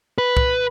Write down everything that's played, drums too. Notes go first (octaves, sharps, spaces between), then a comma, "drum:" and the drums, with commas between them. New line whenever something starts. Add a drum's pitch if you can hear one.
B4
drum: kick C2